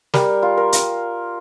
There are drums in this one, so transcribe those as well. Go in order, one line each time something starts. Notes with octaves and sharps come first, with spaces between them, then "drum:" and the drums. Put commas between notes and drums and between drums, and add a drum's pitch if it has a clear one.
G3 A#4, drum: snare
F4
A#4
drum: hi-hat